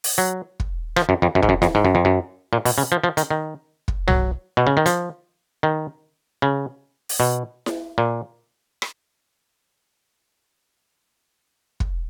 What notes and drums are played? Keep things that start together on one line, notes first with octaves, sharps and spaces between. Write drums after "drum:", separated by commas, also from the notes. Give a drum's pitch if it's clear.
drum: open hi-hat
F#3
drum: kick
F3, drum: rim click
F#2
F2
F#2
G#2, drum: kick
F#2
F2, drum: snare E4
G#2
F#2
F2
F#2
A#2
B2, drum: open hi-hat
C#3
F3
F3
D#3, drum: hi-hat
D#3
drum: kick
F#3, drum: tom
B2
C#3
D#3
F3, drum: hi-hat
D#3
C#3
drum: open hi-hat
B2
drum: snare E4
A#2
drum: rim click
drum: kick